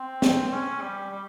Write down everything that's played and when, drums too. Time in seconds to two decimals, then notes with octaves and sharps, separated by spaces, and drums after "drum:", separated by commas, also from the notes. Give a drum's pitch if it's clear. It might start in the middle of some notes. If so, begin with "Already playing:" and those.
Already playing: C4
0.22 drum: snare
0.48 C4
0.53 C#4
0.81 G3
1.11 G3